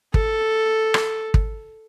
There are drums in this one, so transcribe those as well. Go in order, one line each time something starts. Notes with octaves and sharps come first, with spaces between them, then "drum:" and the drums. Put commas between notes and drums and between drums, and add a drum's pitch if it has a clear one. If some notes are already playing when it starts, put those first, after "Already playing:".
A4, drum: kick
drum: rim click
drum: kick